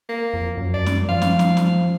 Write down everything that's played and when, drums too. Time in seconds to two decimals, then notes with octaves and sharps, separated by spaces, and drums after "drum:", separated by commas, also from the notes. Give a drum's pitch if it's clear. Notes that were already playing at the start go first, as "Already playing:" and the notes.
0.09 A#3
0.34 F2
0.57 F#2
0.74 D5
0.86 drum: snare
1.09 F3 F5
1.22 drum: snare
1.39 drum: snare
1.57 drum: snare